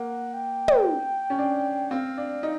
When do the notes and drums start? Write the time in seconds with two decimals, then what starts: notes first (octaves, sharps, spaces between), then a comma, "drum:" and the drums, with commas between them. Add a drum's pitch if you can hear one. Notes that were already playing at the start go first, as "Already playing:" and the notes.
Already playing: A#3 F#5
0.33 G5
0.68 drum: tom
1.30 C#4
1.38 D4
1.91 C4 F5
2.17 D4
2.43 D#4